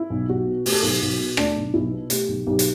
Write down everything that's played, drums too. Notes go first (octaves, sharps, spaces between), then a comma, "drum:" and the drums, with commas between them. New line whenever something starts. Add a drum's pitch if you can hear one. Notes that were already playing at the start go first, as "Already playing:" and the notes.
Already playing: E4
B1
B1 F#4
B2
A3 G4, drum: open hi-hat
A4
B1 G4
B1 F#4
B2
A3 D4, drum: rim click
B1
B1 E4
B2
A3 G4, drum: hi-hat
B1
B1 G4
drum: hi-hat